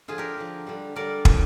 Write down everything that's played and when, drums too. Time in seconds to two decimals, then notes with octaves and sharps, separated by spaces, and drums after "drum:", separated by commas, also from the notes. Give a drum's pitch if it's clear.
0.08 D3 F3 F4 G#4
0.18 G4 A#4
0.37 D3 F3
0.67 D3 G3
0.96 D3 G3 A#4 D5
1.25 A#2 F3, drum: kick